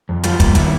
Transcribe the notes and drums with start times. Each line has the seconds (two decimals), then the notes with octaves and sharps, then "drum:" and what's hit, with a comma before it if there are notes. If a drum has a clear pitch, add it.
0.09 F2
0.23 G3 F4, drum: hi-hat
0.40 A#3, drum: kick, hi-hat
0.55 D#3 E4, drum: hi-hat